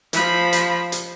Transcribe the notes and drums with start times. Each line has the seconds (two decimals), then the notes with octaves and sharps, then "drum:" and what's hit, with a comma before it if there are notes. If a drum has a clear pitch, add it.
0.13 F3 B5, drum: hi-hat
0.53 drum: hi-hat
0.92 drum: hi-hat